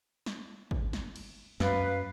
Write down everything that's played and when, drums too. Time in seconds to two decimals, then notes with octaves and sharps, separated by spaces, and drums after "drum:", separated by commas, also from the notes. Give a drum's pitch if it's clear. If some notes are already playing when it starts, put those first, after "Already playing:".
0.26 drum: snare
0.71 drum: kick
0.93 drum: snare
1.16 drum: cymbal
1.60 F#2 B4 F5, drum: snare